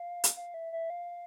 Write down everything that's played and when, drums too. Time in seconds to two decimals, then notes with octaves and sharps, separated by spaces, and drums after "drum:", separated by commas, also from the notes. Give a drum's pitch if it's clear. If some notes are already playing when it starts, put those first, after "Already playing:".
Already playing: F5
0.24 drum: hi-hat
0.37 F5
0.54 E5
0.73 E5
0.90 F5